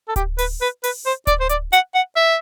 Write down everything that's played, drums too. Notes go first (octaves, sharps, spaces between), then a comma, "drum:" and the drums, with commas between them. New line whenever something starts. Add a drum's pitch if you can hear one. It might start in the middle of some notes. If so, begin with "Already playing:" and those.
A4
G4, drum: kick D1, hi-hat
B4, drum: open hi-hat
B4
B4, drum: open hi-hat
C5
D5, drum: kick D1, hi-hat
C5
D5, drum: hi-hat
F#5, drum: hi-hat
F#5
E5